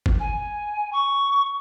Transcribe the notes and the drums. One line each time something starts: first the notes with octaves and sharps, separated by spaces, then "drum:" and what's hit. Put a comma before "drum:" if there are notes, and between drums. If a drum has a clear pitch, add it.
drum: kick F#1
G#5
C#6